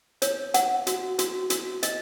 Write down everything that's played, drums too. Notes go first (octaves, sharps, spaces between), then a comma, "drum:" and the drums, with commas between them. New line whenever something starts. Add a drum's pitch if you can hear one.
C#5, drum: hi-hat
F#5, drum: hi-hat
F#4, drum: hi-hat
F#4, drum: hi-hat
F#4, drum: hi-hat
D#5, drum: hi-hat